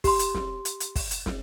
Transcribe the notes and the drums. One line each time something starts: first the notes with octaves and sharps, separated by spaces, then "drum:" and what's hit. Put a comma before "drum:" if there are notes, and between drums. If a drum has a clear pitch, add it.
G4 C6, drum: kick, open hi-hat
drum: hi-hat
drum: snare
drum: hi-hat
drum: hi-hat
drum: kick, open hi-hat
drum: hi-hat
drum: snare